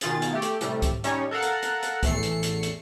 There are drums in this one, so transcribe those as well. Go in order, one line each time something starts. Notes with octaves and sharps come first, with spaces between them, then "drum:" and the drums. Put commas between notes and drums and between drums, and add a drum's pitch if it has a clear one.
B2 D#3 F4 G#4 A6, drum: hi-hat
drum: hi-hat
A3 G4
drum: hi-hat
A2 C3 G3 A3, drum: hi-hat
drum: kick, hi-hat
G3 C#4 D#4 C#5, drum: hi-hat
A4 A#4 F5 F#5
drum: hi-hat
drum: hi-hat
drum: hi-hat
A1 E2 A3 C7 C#7, drum: kick, hi-hat
drum: hi-hat
drum: hi-hat
drum: hi-hat